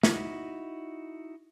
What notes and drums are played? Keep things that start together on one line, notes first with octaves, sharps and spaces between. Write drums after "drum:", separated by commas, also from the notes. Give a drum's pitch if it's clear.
D#4 E4 F#4, drum: snare